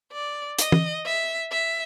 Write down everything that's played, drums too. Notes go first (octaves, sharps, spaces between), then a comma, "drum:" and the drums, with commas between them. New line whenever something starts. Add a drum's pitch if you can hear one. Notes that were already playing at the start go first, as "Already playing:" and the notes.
D5
D#5, drum: hi-hat
drum: tom
E5
E5